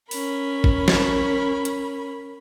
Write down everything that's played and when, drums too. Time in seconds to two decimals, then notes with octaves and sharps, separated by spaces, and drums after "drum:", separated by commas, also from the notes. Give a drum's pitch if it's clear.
0.11 C#4 A#4 B5, drum: open hi-hat
0.64 drum: kick
0.88 drum: snare
1.65 drum: hi-hat